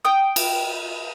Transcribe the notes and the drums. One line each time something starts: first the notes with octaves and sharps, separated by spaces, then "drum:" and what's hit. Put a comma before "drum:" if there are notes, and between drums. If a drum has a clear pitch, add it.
G5 D#6
drum: cymbal